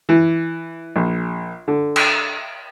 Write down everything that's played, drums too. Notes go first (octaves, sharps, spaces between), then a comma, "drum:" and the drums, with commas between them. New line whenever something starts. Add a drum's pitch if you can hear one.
E3
A#1
D3
drum: cymbal